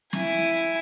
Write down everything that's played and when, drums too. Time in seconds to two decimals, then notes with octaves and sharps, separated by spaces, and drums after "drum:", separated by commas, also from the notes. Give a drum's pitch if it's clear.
0.13 E4 G#5, drum: snare